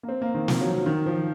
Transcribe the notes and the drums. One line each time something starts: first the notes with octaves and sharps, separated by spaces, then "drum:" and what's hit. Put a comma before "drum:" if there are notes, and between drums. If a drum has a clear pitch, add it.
A#3
C4
A#3
D#3
F3, drum: snare
F#3
D#3
F3